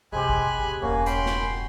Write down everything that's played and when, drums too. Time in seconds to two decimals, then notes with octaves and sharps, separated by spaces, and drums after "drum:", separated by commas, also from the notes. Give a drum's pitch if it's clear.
0.12 G2 C3 G#3 C4 G4 G#5 B5 F#6
0.29 drum: kick G#1
0.67 A1
0.82 E1 G2 A#3 C#4 F#5 G#5
1.06 G5 B5 C6, drum: hi-hat
1.26 drum: snare